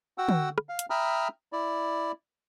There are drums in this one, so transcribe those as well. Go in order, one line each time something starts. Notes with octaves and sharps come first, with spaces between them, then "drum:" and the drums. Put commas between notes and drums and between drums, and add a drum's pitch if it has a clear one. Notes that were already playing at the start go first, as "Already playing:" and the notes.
F#4 F#5 G5 E6
drum: tom
drum: rim click
F5
drum: hi-hat
E5 G5 A#5 B5 D#6 F6
E4 D5